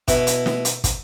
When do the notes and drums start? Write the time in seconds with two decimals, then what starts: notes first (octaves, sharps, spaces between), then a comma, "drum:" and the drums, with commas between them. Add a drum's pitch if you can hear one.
0.08 B2 E4, drum: kick, hi-hat
0.27 drum: hi-hat
0.46 drum: snare
0.65 drum: hi-hat
0.84 drum: kick, hi-hat